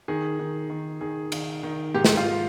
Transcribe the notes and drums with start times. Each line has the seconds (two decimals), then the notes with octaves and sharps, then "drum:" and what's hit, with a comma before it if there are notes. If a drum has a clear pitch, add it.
0.08 D#3 G#4
0.39 D#3
0.70 D#3
1.01 D#3 G#4
1.32 D#3, drum: cymbal
1.63 D#3
1.95 G#2 G4
2.05 drum: snare
2.17 F4